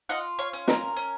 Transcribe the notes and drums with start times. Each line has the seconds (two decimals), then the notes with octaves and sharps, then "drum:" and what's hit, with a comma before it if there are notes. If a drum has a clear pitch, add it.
0.09 F4 D#5 F#5
0.39 C#5 F5
0.53 C#4
0.68 A#4, drum: snare
0.97 C#4